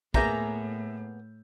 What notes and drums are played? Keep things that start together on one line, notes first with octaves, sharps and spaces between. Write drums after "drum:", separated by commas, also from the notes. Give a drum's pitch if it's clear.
A2 A#3 B3 G#4 A#4 E5 A#5 G6, drum: kick